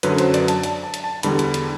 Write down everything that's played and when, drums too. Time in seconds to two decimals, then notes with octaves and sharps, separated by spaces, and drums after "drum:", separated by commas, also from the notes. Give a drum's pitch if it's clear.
0.03 F#2 D3 F#3 B4, drum: hi-hat
0.18 C5, drum: hi-hat
0.34 D5, drum: hi-hat
0.48 A5, drum: hi-hat
0.63 A5, drum: hi-hat
0.83 A5
0.94 drum: hi-hat
1.04 A5
1.23 E2 D3 G3 B5, drum: hi-hat
1.39 drum: hi-hat
1.54 drum: hi-hat